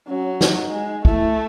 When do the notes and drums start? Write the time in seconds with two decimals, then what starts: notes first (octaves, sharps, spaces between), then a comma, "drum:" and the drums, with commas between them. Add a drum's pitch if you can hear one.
0.08 F#3 C#4
0.41 D#4, drum: snare
0.72 G#3
1.05 A3 E4, drum: kick